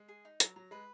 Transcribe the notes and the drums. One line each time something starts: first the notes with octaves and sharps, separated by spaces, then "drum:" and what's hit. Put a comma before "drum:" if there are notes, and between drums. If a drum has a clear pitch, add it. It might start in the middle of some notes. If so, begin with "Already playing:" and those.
Already playing: G#3
G#4
D#4
F#3 A#5, drum: hi-hat
F#3 A#5
G#3 B4